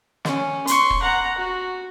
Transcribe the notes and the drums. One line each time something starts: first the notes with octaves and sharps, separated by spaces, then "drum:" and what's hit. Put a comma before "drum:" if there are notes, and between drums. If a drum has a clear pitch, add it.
C#4, drum: snare
C6 C#6, drum: hi-hat
drum: kick
F#5 A#5
F#4